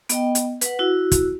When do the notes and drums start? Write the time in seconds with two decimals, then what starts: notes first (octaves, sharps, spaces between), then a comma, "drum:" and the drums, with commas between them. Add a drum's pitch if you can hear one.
0.09 B3 D#5 G5, drum: hi-hat
0.35 drum: hi-hat
0.61 B4 F#5, drum: hi-hat
0.79 E4 F#4
1.12 drum: kick, hi-hat